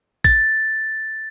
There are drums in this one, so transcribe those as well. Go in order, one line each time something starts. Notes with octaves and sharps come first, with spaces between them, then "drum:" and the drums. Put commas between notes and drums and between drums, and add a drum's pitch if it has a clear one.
A6, drum: kick